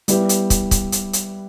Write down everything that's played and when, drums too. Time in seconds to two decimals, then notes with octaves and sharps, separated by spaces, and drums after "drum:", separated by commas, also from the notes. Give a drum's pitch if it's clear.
0.08 G3 B3 E4 G4, drum: hi-hat
0.29 drum: hi-hat
0.50 drum: kick, hi-hat
0.71 drum: kick, hi-hat
0.92 drum: hi-hat
1.13 drum: hi-hat